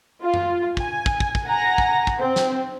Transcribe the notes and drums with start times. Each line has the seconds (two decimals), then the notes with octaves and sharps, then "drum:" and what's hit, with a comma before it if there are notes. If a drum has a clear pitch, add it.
0.22 F4
0.34 drum: tom F#2
0.77 G#5, drum: kick
1.06 drum: kick
1.20 drum: kick
1.35 drum: kick
1.46 F#5 G#5 A#5 A#6
1.78 drum: kick
2.07 drum: kick
2.20 C4
2.36 drum: snare